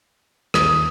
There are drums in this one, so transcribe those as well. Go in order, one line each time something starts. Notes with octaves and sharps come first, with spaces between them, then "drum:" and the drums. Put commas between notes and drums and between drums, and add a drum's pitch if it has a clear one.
D#2 D#6, drum: rim click